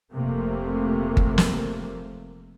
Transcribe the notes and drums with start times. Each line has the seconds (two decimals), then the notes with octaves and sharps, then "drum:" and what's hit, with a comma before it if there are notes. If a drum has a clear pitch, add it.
0.12 F1 C3 A3 A#3
1.17 drum: kick G1
1.38 drum: snare